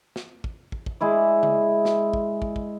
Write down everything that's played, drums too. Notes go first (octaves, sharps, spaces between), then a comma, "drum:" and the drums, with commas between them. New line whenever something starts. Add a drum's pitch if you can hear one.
drum: snare
drum: kick
drum: kick
drum: kick
G#3 E4 D5
drum: tom C#3
drum: snare
drum: kick
drum: kick
drum: kick